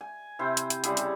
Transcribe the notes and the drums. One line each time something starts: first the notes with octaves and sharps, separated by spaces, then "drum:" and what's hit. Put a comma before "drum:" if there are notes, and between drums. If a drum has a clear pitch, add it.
G#5
C3 E4 C5
drum: hi-hat
drum: hi-hat
C#3 G3 E4 G#4, drum: hi-hat
drum: hi-hat